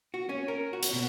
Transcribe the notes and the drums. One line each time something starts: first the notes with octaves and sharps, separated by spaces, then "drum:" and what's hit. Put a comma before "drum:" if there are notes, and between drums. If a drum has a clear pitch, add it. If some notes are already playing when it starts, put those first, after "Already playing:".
F#4
C#4
A#4
F#4
drum: hi-hat
B2